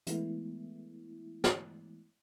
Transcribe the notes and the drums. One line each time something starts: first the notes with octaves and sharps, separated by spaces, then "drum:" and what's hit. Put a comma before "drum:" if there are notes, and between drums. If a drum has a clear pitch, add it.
E3 G#3 A3 B3 E4, drum: hi-hat
drum: snare